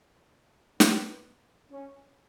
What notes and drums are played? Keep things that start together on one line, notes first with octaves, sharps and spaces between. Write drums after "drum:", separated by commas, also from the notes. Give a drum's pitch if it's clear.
B3, drum: snare
C#4